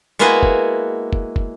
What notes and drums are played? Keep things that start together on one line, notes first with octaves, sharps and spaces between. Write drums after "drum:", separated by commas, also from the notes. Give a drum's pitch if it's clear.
G#3 A#3 B3 E4 F#4 G#4
drum: kick
drum: kick
drum: kick